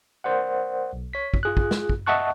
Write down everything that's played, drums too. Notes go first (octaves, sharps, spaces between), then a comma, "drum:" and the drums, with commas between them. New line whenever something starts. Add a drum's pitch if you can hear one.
A#4 C5 D5 F#5
B1
C#5 B6
drum: kick
F4 G#4 F#6
drum: kick
drum: snare
drum: kick
D#5 E5 F#5 A5 C#6 F#6